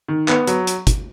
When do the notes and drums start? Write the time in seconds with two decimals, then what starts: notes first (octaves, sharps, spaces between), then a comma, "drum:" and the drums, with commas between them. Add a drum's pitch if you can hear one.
0.08 D#3
0.28 B3, drum: clap
0.47 F#3, drum: hi-hat
0.67 drum: hi-hat
0.87 drum: kick, hi-hat